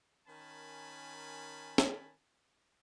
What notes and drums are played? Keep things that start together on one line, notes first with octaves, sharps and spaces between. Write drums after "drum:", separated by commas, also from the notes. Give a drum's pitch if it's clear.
D#3 C#4 A#4 G#5 A5 B5
drum: snare